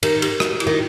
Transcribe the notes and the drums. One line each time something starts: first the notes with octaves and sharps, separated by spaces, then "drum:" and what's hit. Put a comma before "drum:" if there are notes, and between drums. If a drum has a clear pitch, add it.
D#3 G4, drum: cymbal
G4, drum: cymbal
F#4, drum: rim click
F#4
E4, drum: cymbal
D#3